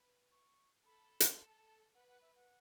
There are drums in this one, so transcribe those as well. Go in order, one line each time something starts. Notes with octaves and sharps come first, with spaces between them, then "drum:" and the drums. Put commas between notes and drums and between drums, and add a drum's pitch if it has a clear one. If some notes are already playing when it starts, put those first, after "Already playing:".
Already playing: B4
C#6
A4 B5
drum: hi-hat
A5
B4 F#5
F#5
E5
F#5